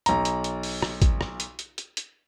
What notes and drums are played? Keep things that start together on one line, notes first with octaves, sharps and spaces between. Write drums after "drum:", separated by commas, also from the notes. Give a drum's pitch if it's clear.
B1 A#5, drum: hi-hat
drum: hi-hat
drum: hi-hat
drum: open hi-hat
drum: rim click
drum: kick G#1, hi-hat
drum: rim click
drum: hi-hat
drum: hi-hat
drum: hi-hat
drum: hi-hat